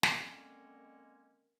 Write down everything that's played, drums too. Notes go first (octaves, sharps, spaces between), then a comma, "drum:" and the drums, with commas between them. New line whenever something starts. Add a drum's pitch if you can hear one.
D3 D#3 G#3 A#3 C4 C#4, drum: snare